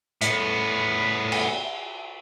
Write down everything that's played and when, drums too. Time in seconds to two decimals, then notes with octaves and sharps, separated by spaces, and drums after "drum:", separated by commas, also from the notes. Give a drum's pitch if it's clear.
0.22 A2 B3, drum: hi-hat
1.32 drum: cymbal